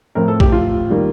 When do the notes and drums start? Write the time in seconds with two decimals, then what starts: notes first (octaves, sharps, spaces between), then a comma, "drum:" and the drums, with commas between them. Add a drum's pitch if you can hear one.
0.15 A2 F3 C4 A#4
0.28 A4
0.40 G4, drum: kick
0.52 F4
0.90 D#3 G3 A#3